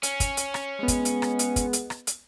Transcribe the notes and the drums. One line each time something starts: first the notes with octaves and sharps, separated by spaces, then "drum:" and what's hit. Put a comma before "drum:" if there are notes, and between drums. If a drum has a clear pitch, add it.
C#4, drum: hi-hat
drum: kick, hi-hat
drum: hi-hat
drum: rim click
G#3 B3
drum: kick, hi-hat
drum: hi-hat
drum: rim click
drum: hi-hat
drum: kick, hi-hat
drum: hi-hat
drum: rim click
drum: hi-hat